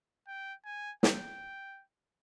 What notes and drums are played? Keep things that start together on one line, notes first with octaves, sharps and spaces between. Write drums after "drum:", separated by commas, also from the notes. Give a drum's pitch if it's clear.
G5
G#5
G5, drum: snare